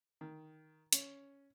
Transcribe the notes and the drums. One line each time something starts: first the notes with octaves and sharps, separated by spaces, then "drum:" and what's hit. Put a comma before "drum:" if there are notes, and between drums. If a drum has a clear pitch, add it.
D#3
C#4, drum: hi-hat